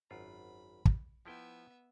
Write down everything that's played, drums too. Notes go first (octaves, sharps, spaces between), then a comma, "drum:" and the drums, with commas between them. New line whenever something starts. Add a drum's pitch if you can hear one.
G#1 F#2 F4 B5
drum: kick
F3 B3 E4 E5 G5